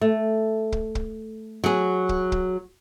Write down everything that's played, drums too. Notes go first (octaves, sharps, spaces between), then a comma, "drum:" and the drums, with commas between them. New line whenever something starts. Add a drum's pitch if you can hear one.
A3
drum: kick
drum: kick
F#3 G#4
drum: kick
drum: kick